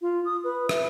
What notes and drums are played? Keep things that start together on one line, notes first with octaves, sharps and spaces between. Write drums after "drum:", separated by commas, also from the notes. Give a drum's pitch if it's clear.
F4
D#6
B4
E5, drum: rim click